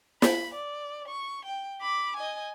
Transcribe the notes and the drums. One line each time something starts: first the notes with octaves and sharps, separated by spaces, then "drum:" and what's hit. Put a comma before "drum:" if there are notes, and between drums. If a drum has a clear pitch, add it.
B5, drum: snare
D5
C#6
G5
B5 D6
D#5 G#5